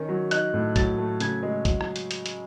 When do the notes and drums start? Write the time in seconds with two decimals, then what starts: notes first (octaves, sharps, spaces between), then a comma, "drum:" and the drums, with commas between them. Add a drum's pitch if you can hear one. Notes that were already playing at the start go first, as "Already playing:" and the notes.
Already playing: D#3 C#4
0.09 F#3
0.31 D#4 F#6, drum: hi-hat
0.54 A2
0.76 F#3 A6, drum: kick B1, hi-hat
0.98 A3
1.20 C#3 G#6, drum: hi-hat
1.43 G#3
1.65 F#3, drum: kick B1, hi-hat
1.81 drum: rim click
1.96 drum: hi-hat
2.11 drum: hi-hat
2.26 drum: hi-hat